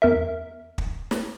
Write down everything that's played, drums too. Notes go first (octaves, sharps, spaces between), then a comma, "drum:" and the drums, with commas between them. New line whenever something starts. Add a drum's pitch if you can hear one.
E2 A#4 E5
drum: kick
drum: snare